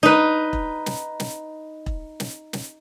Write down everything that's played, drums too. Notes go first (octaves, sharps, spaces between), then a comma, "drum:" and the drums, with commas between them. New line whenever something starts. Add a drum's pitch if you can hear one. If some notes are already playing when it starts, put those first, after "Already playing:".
D#4 B4
drum: kick E1
drum: snare
drum: snare
drum: kick E1
drum: snare
drum: snare